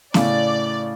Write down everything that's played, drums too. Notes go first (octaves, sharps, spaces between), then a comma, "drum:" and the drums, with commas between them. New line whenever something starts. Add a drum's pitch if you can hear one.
A2 C#3 D5, drum: snare B3